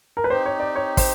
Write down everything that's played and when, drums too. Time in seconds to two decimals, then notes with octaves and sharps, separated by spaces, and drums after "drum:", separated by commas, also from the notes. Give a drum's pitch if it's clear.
0.17 A#4
0.24 B4
0.30 C4 D#4 G4 C5
0.46 C#5
0.60 D5
0.76 C#5
0.97 C5, drum: kick, open hi-hat